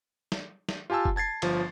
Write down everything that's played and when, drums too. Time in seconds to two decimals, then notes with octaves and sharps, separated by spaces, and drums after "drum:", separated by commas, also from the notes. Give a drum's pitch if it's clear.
0.32 drum: snare
0.69 drum: snare
0.90 F4 G4 G#5 A5 E6
1.05 drum: kick F#1
1.16 A5 G#6 A6 C7
1.42 G1 F3, drum: cymbal